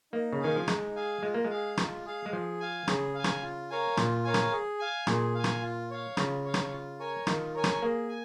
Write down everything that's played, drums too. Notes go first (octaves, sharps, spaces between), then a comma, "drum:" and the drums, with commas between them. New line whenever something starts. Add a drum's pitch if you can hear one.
A#3 D#4
C#3
D#3 G#4 F5 G#5
F3
G#3 D#4, drum: rim click
G#4 F5 G#5
G#3 F4
A#3
G#3
G#4 F5
F4, drum: rim click
G#4 F5
G#3
F3 G#4
F5 G#5
C#3 G#4, drum: rim click
F5 G#5
drum: rim click
F4
A#4 C#5 F5 G#5
A#2 F4, drum: rim click
A#4 C#5 F5 G#5
drum: rim click
G#4
F5 G#5
A#2 G#4, drum: rim click
F5 G#5
drum: rim click
F4
C#5 F5
C#3 F4, drum: rim click
C#5 F5
drum: rim click
F4
A#4 C#5 G#5
D#3 F4, drum: rim click
A#4 C#5 G#5
drum: rim click
A#3 G#4
G#5